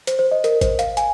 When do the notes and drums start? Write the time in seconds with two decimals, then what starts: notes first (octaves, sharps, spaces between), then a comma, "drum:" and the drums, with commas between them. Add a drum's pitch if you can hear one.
0.07 C5, drum: hi-hat
0.19 C5
0.31 D#5
0.44 A#4, drum: hi-hat
0.61 C5, drum: kick A1, hi-hat
0.79 F5, drum: hi-hat
0.97 G#5, drum: hi-hat